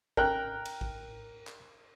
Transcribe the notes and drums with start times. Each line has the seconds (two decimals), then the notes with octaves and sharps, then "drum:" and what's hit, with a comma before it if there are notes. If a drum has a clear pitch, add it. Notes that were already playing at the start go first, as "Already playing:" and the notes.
0.17 A#4 G5 F#6, drum: kick A1
0.65 drum: cymbal
0.81 drum: kick A1
1.47 drum: clap